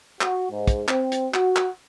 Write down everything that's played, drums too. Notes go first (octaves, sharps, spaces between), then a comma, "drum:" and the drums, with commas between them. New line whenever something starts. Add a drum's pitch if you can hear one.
F#4, drum: clap
G#2
drum: kick, hi-hat
C4, drum: clap
drum: hi-hat
F#4, drum: clap
drum: clap